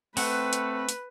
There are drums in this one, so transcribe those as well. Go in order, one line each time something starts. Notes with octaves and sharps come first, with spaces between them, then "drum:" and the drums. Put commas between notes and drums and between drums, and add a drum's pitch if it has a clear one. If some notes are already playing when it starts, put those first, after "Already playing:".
A3 C4 B4 F#5, drum: open hi-hat
drum: hi-hat
drum: hi-hat